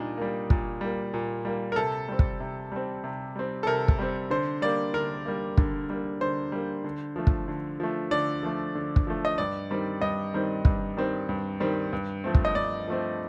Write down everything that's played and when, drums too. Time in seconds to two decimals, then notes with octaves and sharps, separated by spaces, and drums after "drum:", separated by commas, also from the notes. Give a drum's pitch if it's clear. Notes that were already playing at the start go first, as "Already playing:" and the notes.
Already playing: A#2 G3 A#3 D4 D#4
0.18 G3 A#3
0.50 A#2, drum: kick
0.81 G3 A#3
1.14 A#2
1.45 G3 A#3
1.72 A#4
1.76 C3 A4
2.08 G3 C4
2.19 drum: kick
2.40 C3
2.72 G3 C4
3.04 C3
3.36 G3 C4
3.63 A4
3.67 C3 A#4
3.88 drum: kick
3.99 G3 C4
4.30 D3 C5
4.62 G3 A#3 D5
4.94 D3 A#4
5.26 G3 A#3
5.57 D3, drum: kick
5.90 G3 A#3
6.21 D3 C5
6.52 G3 A#3
6.84 D3
7.16 F3 A3
7.27 drum: kick
7.48 D3
7.80 F3 A3
8.11 D3 D5
8.43 F3 A3
8.75 D3
8.96 drum: kick
9.07 F3 A3
9.25 D#5
9.38 G2 D5
9.70 D#3 G3 C4
10.01 G2 D#5
10.34 D#3 G3 C4
10.65 G2, drum: kick
10.97 D#3 G3 C4
11.29 G2
11.60 D#3 G3 C4
11.93 G2
12.24 F3 A3 C4
12.35 drum: kick
12.45 D#5
12.55 G2 D5
12.88 F3 A3 C4